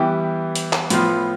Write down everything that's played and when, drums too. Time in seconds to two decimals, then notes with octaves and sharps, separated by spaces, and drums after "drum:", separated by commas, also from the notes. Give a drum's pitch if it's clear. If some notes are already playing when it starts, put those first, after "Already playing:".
Already playing: E3 G3 B3 E4 G4
0.55 drum: hi-hat
0.73 drum: clap
0.90 A2 F3 B3 F4, drum: hi-hat